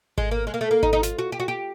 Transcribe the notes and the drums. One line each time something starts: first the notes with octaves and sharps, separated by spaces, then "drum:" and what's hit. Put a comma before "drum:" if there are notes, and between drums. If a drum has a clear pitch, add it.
G#3, drum: kick G#1
A#3
G#3
A#3
A3
A#3
D#4, drum: kick G#1
D#4
F4, drum: snare
F#4
G4
F#4
G4